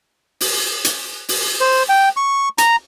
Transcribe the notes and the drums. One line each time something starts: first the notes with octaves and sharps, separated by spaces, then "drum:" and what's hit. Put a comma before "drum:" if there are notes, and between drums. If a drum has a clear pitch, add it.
drum: open hi-hat
drum: hi-hat
drum: open hi-hat
C5
G5
C#6
A#5, drum: hi-hat